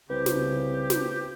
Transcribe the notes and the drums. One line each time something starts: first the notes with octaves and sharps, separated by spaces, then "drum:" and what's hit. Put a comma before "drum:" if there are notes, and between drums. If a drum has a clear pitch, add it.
C2 C#3 G4 B4 C5
drum: snare
drum: snare